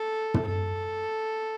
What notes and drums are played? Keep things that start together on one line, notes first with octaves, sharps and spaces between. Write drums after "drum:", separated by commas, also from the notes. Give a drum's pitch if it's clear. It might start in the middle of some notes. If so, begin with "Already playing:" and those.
Already playing: A4
drum: tom
A4